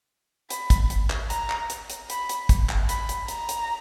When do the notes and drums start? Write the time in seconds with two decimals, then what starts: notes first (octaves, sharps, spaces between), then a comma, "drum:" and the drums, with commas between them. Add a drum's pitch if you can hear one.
0.50 B5, drum: hi-hat
0.70 drum: kick, hi-hat
0.90 drum: hi-hat
1.10 drum: clap
1.30 A#5, drum: hi-hat
1.50 drum: clap
1.70 drum: hi-hat
1.90 drum: hi-hat
2.10 B5, drum: hi-hat
2.29 drum: hi-hat
2.49 drum: kick, hi-hat
2.69 drum: clap
2.89 B5, drum: hi-hat
3.09 drum: hi-hat
3.28 A#5, drum: hi-hat
3.49 drum: hi-hat